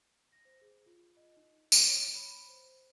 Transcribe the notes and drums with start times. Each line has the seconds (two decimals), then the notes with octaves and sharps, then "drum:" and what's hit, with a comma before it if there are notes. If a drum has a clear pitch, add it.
0.32 A#6
0.45 C5
0.62 G#4
0.86 F4
1.17 D#5
1.37 D#4
1.72 D6, drum: tambourine
1.86 C#5
2.14 B5
2.49 C5